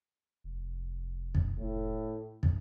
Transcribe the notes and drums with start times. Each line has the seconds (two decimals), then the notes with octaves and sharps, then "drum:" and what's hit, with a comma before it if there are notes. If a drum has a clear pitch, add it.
0.44 F1
1.35 drum: kick
1.58 A2
2.43 drum: kick